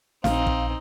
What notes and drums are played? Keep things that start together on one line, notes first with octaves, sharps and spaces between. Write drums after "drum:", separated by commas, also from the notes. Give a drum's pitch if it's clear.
A#1 C4 D#4 F5, drum: snare
drum: kick